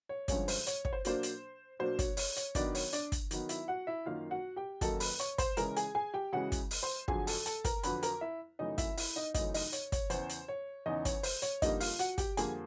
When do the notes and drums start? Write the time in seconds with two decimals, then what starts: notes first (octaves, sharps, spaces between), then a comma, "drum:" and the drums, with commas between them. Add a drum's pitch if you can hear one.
0.09 C#5
0.28 G2 D3 F3 G#3 C#4 C#5, drum: kick, hi-hat
0.48 C5, drum: open hi-hat
0.67 C#5, drum: hi-hat
0.85 C#5, drum: kick
0.93 C5
1.05 B2 F#3 A#3 D4 C5, drum: hi-hat
1.23 drum: hi-hat
1.79 B2 F#3 A#3 D4 C5
1.99 C#5, drum: kick, hi-hat
2.17 C#5, drum: open hi-hat
2.37 C#5, drum: hi-hat
2.55 D#3 F#3 B3 D4 D#4 D5, drum: kick, hi-hat
2.75 C#5, drum: open hi-hat
2.93 D4 D5, drum: hi-hat
3.12 drum: kick, hi-hat
3.31 D#3 F#3 B3 D#4, drum: hi-hat
3.49 E4 E5, drum: hi-hat
3.68 F#4 F#5
3.87 E4 E5
4.06 F#2 D#3 F#3 A#3 D#4 F4 F5
4.31 F#4 F#5
4.56 G4 G5
4.81 F#2 D#3 F#3 A#3 D#4 A4 A5, drum: kick, hi-hat
5.00 B4 B5, drum: open hi-hat
5.19 C#5 C#6, drum: hi-hat
5.38 C5 C6, drum: kick, hi-hat
5.57 C#3 E3 G#3 A#4 A#5, drum: hi-hat
5.76 G#4 G#5, drum: hi-hat
5.95 G#4 G#5
6.14 G4 G5
6.33 C#3 E3 G#3 F#4 F#5
6.52 drum: kick, hi-hat
6.71 drum: open hi-hat
6.83 C5 C6
7.08 F2 D3 F#3 G#4 G#5, drum: kick
7.27 A4 A5, drum: open hi-hat
7.46 A4 A5, drum: hi-hat
7.64 A#4 A#5, drum: kick, hi-hat
7.83 F2 D3 F#3 B4 B5, drum: hi-hat
8.03 A#4 A#5, drum: hi-hat
8.21 E4 E5
8.59 F#2 C#3 E3 A3 D#4 D#5
8.78 E4 E5, drum: kick, hi-hat
8.97 E4 E5, drum: open hi-hat
9.16 D#4 D#5
9.34 F#2 C#3 E3 A3 D#4 D#5, drum: kick, hi-hat
9.54 D#4 D#5, drum: open hi-hat
9.73 C#5, drum: hi-hat
9.92 C#5, drum: kick, hi-hat
10.10 E2 C#3 E3 C5, drum: hi-hat
10.29 drum: hi-hat
10.48 C#5
10.86 E2 C#3 E3 D#4 D#5
11.05 C#5, drum: kick, hi-hat
11.23 C5, drum: open hi-hat
11.42 C#5, drum: hi-hat
11.62 F2 D3 G3 A#3 D#4 D#5, drum: kick, hi-hat
11.80 F4 F5, drum: open hi-hat
11.99 F#4 F#5, drum: hi-hat
12.18 G4 G5, drum: kick, hi-hat
12.37 F2 D3 G3 A#3 G#4 G#5, drum: hi-hat